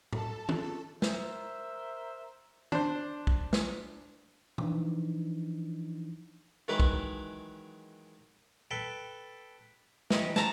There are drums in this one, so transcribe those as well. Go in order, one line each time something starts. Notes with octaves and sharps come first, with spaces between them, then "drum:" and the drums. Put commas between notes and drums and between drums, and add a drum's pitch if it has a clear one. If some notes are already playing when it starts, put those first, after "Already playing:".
A4 A5, drum: tom A2
C#4 F4 G#4, drum: tom
A#4 C5 E5, drum: snare
D4 C5, drum: tom
drum: kick
drum: snare
E3 F3 D4 D#4, drum: tom B2
D#3 E3 F#3 G#3 B4
drum: kick
A4 B4 G5
E3 D#4 G4, drum: snare
A5 A#5, drum: snare